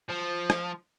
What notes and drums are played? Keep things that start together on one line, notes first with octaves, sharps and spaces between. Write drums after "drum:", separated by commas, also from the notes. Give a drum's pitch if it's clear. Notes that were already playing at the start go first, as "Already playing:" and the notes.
F3
drum: rim click